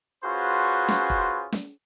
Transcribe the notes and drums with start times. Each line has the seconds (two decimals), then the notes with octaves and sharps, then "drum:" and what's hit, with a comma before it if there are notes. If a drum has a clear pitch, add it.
0.25 C#4 F4 F#4 G#4 B4 C5
0.88 drum: snare
1.10 drum: kick
1.52 drum: snare